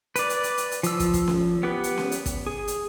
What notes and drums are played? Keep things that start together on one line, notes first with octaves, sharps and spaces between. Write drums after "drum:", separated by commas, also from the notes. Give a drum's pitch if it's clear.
B4 D5, drum: hi-hat
drum: hi-hat
drum: hi-hat
drum: hi-hat
drum: hi-hat
F3 E6, drum: hi-hat
drum: kick, hi-hat
drum: kick, hi-hat
drum: snare C#4
B3 G4 B4
drum: hi-hat
drum: snare C#4
drum: hi-hat
drum: kick, hi-hat
G#4
drum: hi-hat